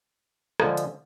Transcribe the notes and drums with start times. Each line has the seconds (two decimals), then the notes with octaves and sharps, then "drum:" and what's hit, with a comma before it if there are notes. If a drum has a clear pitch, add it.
0.60 D3 F3 G#3, drum: rim click
0.77 drum: hi-hat